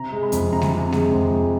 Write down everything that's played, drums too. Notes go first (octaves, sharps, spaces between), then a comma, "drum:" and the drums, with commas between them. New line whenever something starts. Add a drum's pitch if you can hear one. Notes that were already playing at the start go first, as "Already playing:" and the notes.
Already playing: C3 A#5
G#3
B5
F2, drum: hi-hat
C3 A#5
drum: snare G#3
C3
G#3, drum: snare G#3
F2
G#3